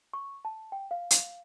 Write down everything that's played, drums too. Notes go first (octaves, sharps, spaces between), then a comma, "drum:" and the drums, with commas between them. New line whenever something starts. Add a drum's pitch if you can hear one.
C#6
A5
G5
F5
drum: hi-hat